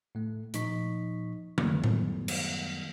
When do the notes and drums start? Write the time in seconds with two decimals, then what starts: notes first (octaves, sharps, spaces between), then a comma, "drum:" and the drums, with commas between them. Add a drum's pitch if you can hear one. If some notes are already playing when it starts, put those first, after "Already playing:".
0.15 A2 A3
0.54 A#2 F3 D#4 D#5 C#6 B6, drum: hi-hat
1.58 F#2 D#3 F#3 G3 A3 B3, drum: tom D3
1.84 drum: tom A2
2.28 drum: cymbal